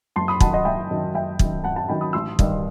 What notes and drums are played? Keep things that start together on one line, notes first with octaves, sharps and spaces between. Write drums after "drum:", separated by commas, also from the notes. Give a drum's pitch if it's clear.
F#1 A5 C6
B5 D#6
F#2 D#3 F#5 A5, drum: kick
D#5 F#5
F#1 E5 G5
F#2 D#3
F#1 E5 G5
F#2 D#3, drum: kick
F#1 F#5 A5
F#5 A5
F#2 D#3 G5 B5
B5 D#6
A1 C6 E6
G2 D#3, drum: kick